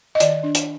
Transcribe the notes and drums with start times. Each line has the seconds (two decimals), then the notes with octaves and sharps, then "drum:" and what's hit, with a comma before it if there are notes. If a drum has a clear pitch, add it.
0.15 D#5
0.20 D#3 D5, drum: hi-hat
0.43 D4
0.55 drum: hi-hat